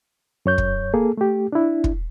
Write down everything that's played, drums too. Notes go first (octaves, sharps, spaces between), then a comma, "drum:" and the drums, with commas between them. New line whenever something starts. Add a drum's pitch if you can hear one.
F#2 C#5 G6
drum: kick
A#3 G#4 A4
A3 G4
D4 E4
drum: kick